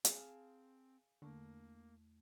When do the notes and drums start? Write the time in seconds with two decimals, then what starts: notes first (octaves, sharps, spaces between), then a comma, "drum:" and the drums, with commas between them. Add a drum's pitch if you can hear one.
0.05 C4 G#4 F5 A5, drum: hi-hat
1.22 E2 D3 A3 A#3 C#6